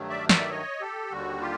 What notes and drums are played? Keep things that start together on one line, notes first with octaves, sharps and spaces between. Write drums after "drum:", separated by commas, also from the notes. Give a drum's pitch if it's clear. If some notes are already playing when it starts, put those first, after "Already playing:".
Already playing: G2 D#3 F#3 A3
D5 E5
D5 E5, drum: snare
C#5 D#5
G4 A4
D#2 D3 G3 F#4
F4 G4